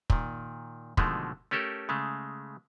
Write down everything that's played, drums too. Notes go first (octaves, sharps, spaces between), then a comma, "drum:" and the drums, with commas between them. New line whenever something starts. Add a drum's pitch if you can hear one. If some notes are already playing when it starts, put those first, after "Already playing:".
A#2 D#3, drum: kick
B2 D3 D#3 F3 G#3 A3, drum: kick
A3 C#4 G4 A4 A#4
C#3 G#3 A3